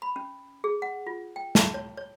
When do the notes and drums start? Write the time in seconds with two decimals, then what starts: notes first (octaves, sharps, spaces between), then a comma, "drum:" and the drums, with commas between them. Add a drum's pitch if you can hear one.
0.02 B5
0.16 C#4
0.64 G#4
0.82 F#5
1.07 F4
1.36 G5
1.55 A5, drum: snare
1.74 C#5
1.97 C#5